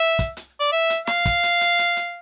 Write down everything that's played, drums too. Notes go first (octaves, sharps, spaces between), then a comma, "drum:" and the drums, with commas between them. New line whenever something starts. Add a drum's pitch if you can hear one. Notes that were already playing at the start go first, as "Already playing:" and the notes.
Already playing: E5
drum: kick, hi-hat
drum: hi-hat
D5
E5
drum: hi-hat
F5, drum: snare
drum: kick, hi-hat
drum: hi-hat
drum: hi-hat
drum: hi-hat
drum: hi-hat